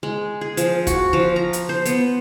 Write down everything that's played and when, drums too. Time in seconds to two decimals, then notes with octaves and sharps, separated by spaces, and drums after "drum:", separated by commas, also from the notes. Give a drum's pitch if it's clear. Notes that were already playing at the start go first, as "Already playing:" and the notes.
0.03 G#3
0.41 G#4
0.57 F3, drum: hi-hat
0.87 F#4, drum: kick, hi-hat
1.13 F3
1.36 A#5
1.53 drum: hi-hat
1.69 C5
1.85 B3, drum: hi-hat